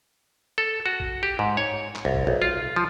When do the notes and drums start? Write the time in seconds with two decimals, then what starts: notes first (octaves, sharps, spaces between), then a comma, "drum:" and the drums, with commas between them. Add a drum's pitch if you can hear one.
0.58 A4
0.86 F#4
1.00 drum: kick A1
1.23 G4
1.39 G#2
1.57 C#5
1.96 drum: clap
2.05 C2
2.15 drum: kick A1
2.27 B1
2.42 F4
2.76 F3